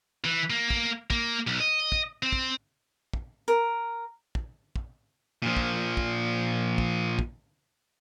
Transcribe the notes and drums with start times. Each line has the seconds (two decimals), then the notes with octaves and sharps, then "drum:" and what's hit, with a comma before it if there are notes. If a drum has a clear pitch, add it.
0.25 E3
0.50 A#3
0.70 drum: kick
1.10 A#3, drum: kick
1.47 B1
1.60 D#5
1.92 drum: kick
2.23 C4
2.32 drum: kick
3.14 drum: kick
3.48 A#4
4.35 drum: kick
4.76 drum: kick
5.42 A#2 F3
5.57 drum: kick
5.97 drum: kick
6.78 drum: kick
7.19 drum: kick